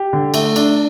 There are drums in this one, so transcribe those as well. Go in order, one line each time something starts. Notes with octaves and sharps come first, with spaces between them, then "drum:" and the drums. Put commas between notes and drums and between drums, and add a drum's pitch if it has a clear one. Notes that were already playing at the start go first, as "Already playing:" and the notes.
Already playing: G4
D3
A3, drum: cymbal
D4, drum: cymbal